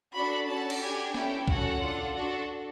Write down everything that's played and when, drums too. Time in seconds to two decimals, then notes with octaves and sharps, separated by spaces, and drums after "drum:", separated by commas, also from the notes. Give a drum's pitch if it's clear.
0.14 D4 F#4 A4 B5
0.48 C#4 F#4 A4 A5
0.70 drum: cymbal
0.81 D4 G4 G#5
1.14 C#4 E4 A4 G5, drum: snare
1.48 C#4 F#4 A4 F#5, drum: kick C2
1.82 D4 F4 A4
2.15 D4 F#4 A4